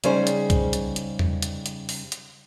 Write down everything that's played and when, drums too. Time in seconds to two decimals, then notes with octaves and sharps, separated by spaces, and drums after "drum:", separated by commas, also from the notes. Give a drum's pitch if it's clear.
0.04 C#3 G3 D#4 G#4 C5, drum: hi-hat
0.27 drum: hi-hat
0.50 drum: kick B1, hi-hat
0.73 drum: hi-hat
0.96 drum: hi-hat
1.19 drum: tom E2
1.42 drum: hi-hat
1.66 drum: hi-hat
1.89 drum: open hi-hat
2.12 drum: hi-hat